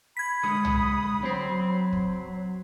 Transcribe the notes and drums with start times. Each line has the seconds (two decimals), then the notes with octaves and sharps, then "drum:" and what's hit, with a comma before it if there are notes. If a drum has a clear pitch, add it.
0.17 B5 G#6 B6
0.43 D3 G#3 D#6
0.65 drum: tom
1.23 F#3 C4 C5
1.93 drum: kick